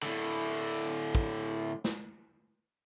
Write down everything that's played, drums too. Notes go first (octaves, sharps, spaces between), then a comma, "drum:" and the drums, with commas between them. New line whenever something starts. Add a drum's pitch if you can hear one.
A2 D3
drum: kick
drum: snare